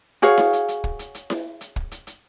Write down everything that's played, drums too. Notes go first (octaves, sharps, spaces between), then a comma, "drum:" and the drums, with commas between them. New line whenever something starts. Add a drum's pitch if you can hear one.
F#4 G#4 C#5 F5, drum: hi-hat
drum: snare E4
drum: hi-hat
drum: hi-hat
drum: kick
drum: hi-hat
drum: hi-hat
drum: snare E4
drum: hi-hat
drum: kick
drum: hi-hat
drum: hi-hat